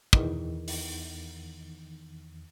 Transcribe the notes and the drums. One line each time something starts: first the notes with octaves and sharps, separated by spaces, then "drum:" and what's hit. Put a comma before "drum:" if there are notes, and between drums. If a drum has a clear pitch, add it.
E2 D#3, drum: kick
drum: open hi-hat